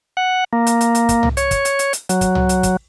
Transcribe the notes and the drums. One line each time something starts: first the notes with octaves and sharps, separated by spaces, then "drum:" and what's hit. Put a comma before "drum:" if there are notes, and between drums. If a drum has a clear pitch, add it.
F#5
A#3
drum: hi-hat
drum: hi-hat
drum: hi-hat
drum: kick, hi-hat
drum: tom C2
C#5, drum: hi-hat
drum: kick, hi-hat
drum: hi-hat
drum: hi-hat
drum: hi-hat
F#3, drum: hi-hat
drum: kick, hi-hat
drum: tom C2
drum: hi-hat
drum: kick, hi-hat